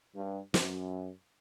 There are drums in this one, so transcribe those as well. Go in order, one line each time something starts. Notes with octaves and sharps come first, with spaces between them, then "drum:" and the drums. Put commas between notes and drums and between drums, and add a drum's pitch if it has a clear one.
G2
F#2, drum: snare